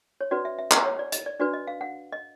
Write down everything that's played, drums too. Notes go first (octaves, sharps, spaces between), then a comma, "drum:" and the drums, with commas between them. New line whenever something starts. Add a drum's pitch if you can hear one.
C#5
C#4 F#4 B4 D5
E5
E5
F#5, drum: clap
C#5
D5
D#5, drum: hi-hat
D5
D4 F#4 B4 D5
D#5
F5
F#5
D#5